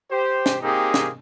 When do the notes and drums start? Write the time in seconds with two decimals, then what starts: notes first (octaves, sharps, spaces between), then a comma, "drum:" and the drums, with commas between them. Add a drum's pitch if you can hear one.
0.11 G4 C5
0.46 drum: snare
0.62 A#3 C4 D#4 G4 G#4
0.94 drum: snare